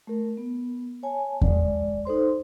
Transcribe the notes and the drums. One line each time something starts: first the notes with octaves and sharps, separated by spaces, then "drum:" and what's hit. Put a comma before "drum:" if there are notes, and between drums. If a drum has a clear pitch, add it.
A3 A#4
B3
C#5 G#5 A5
G#3 D5, drum: kick E2
D#4 A4 C5 C6